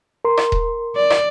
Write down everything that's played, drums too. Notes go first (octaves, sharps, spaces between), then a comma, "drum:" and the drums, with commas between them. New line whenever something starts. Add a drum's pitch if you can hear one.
A#4 C6
drum: rim click
drum: kick D#1
D5
drum: rim click